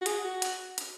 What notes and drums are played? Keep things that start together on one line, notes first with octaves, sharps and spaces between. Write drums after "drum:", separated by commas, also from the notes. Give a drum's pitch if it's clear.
F#4
G#4, drum: hi-hat
F#4
drum: hi-hat
drum: hi-hat